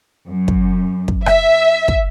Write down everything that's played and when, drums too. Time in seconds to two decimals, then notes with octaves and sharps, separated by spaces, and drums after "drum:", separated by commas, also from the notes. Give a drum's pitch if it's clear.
0.28 F#2
0.48 drum: kick
1.08 drum: kick
1.26 E5, drum: rim click
1.88 drum: kick